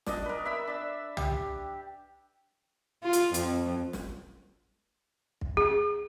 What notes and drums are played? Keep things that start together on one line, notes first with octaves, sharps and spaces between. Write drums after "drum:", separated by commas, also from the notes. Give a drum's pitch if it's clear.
D4 D#5, drum: snare
A#4 B4
E5 B5 E6
D4 E6
G4, drum: tom
F4
drum: hi-hat
F2, drum: hi-hat
drum: snare
drum: kick
G#4